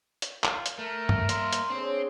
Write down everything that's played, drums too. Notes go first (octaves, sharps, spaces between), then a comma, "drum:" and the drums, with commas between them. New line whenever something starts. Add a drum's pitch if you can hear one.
drum: hi-hat
F4, drum: clap
drum: hi-hat
A3 A#4
drum: tom G2
A#3 E5 C6, drum: hi-hat
drum: hi-hat
C4 D4 G#4 C5 C#5